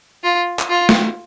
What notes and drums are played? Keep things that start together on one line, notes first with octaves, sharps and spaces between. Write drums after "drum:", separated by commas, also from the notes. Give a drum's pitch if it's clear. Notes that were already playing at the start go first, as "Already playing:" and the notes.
F4
drum: clap
F4
drum: snare